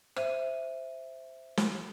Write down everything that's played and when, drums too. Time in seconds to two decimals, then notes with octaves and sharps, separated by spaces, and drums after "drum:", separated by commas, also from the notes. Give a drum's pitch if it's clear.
0.16 C5 E5 D#7, drum: rim click
1.57 drum: snare